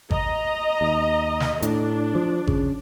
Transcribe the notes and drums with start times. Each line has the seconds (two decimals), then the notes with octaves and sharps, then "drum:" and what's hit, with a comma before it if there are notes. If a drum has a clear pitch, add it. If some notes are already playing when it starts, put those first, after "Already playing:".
0.11 D#5 A#5, drum: kick G#1
0.81 D#2
1.40 drum: snare
1.62 A2 D4, drum: hi-hat
2.15 F3
2.47 C#3, drum: kick G#1